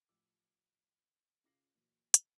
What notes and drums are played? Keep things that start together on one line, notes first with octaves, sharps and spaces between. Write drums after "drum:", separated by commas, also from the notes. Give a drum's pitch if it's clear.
A1 F3 D6 E6
C#3 F4 D6 A#6 C7 F#7
A#2 E3 F#3
drum: hi-hat